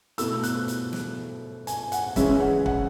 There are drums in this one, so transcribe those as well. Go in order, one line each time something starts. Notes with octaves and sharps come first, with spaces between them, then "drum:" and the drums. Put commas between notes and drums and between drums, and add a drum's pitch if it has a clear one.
B2 A3 E4 E6, drum: hi-hat
F#6, drum: hi-hat
drum: hi-hat
drum: snare
G#5, drum: hi-hat
F#5, drum: hi-hat
C#3 E3 G#3 C#4 E4 E5, drum: kick, hi-hat
F#5
F#5, drum: kick